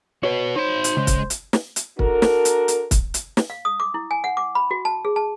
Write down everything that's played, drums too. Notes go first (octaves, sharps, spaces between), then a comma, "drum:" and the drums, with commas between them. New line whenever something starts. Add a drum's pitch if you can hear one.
F#4 B4 C#5
D#4 C5 B5
drum: hi-hat
C#3 G#3
drum: kick, hi-hat
drum: hi-hat
drum: snare
drum: hi-hat
D4 F#4 A4 A#4, drum: kick
drum: snare
drum: hi-hat
drum: hi-hat
drum: kick, hi-hat
drum: hi-hat
drum: snare
F5
D#6
D6
E4
G#5
F#5
D6
B5
F#4
A5
G#4
A5